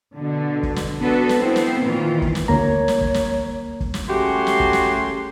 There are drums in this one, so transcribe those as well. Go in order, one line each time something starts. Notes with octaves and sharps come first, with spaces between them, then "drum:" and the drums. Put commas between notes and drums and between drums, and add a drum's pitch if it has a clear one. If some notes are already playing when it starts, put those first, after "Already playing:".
B2 D3
drum: kick F#1
drum: snare
B3 D4 F#4 A4 B4
drum: snare
B3 C4 E4 C5
drum: snare
A#2 D#3 E3 F4
drum: kick F#1
drum: snare
D2 A#3 C#5 A#5
drum: snare
drum: kick F#1
drum: snare
drum: kick F#1
drum: snare
C#3 A3 F#4 G4 C6
drum: snare
drum: kick F#1
drum: snare